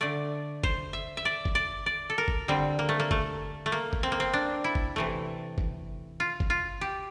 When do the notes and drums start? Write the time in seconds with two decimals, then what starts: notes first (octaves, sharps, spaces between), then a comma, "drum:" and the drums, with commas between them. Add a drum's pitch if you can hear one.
0.01 D3 A3 D5
0.63 C5, drum: kick F#1
0.93 E5
1.17 E5
1.25 D5
1.45 drum: kick F#1
1.55 D5
1.86 D5
2.10 A4
2.18 A#4
2.28 drum: kick F#1
2.48 D3 G3 C4
2.79 A#3
2.89 A3
3.00 A#3
3.11 A3, drum: kick F#1
3.66 A3
3.72 A#3
3.93 drum: kick F#1
4.03 C4
4.12 A#3
4.20 C4
4.33 D4
4.64 E4
4.75 drum: kick F#1
4.96 C3 E3 A3
5.58 drum: kick F#1
6.20 F4
6.40 drum: kick F#1
6.50 F4
6.81 G4